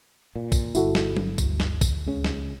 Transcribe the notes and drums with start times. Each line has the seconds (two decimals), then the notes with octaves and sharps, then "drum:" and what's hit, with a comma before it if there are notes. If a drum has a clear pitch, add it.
0.36 A#2
0.52 drum: kick, tambourine
0.75 G1 E4 F#4 A4, drum: tambourine
0.95 drum: snare
1.17 drum: tom F#3
1.38 D2, drum: kick, tambourine
1.60 drum: snare
1.81 drum: kick, tambourine
2.06 C#2 C#3 C#4
2.24 drum: snare